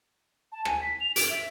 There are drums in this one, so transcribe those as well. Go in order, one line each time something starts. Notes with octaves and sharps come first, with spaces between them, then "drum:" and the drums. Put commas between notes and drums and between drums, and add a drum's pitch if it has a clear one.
A5
G#5, drum: rim click
B6
F7
D7, drum: hi-hat
E5